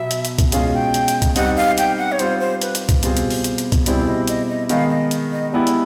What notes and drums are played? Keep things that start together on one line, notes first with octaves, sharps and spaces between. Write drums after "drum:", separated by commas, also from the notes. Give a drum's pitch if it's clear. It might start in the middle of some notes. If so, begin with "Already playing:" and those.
Already playing: B2 F#3 B3 E5
drum: hi-hat
drum: hi-hat
drum: kick C2, hi-hat
B2 G#3 C#4 F4 G#4 F5, drum: hi-hat
G5
drum: hi-hat
drum: hi-hat
drum: kick C2, hi-hat
G3 C4 D#4 F#5, drum: hi-hat
F5
G5, drum: hi-hat
F#5
C#5
G3 C4 F4 C5, drum: hi-hat
C5
B4, drum: hi-hat
drum: hi-hat
drum: kick C2, hi-hat
B2 G3 C4 F4 G#4, drum: hi-hat
drum: hi-hat
drum: open hi-hat
drum: hi-hat
drum: hi-hat
drum: kick C2, hi-hat
B2 G3 C4 E4 G#4 D5, drum: hi-hat
D#5
D#5, drum: hi-hat
D#5
D#3 G#3 B3 D#4 F5, drum: hi-hat
D#5
drum: hi-hat
D#5
G#3 B3 E4 G4 D5
drum: hi-hat